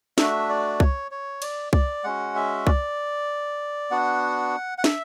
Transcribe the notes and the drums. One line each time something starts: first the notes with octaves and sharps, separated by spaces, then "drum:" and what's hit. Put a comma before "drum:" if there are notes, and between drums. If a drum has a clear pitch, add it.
A3 D4 F#4 E5, drum: snare
D5
C#5, drum: kick C2
C#5
D5, drum: cymbal
D5, drum: kick C2
G#3 C#4 F#4 F#5
E5
D5, drum: kick C2
B3 D4 F#4 F#5
F#5
E5, drum: snare